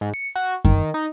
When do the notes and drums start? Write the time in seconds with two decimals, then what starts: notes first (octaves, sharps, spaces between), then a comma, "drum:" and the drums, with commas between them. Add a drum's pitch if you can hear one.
0.01 G#2
0.14 C#7
0.36 F#4
0.65 D#3, drum: kick F#2
0.94 D#4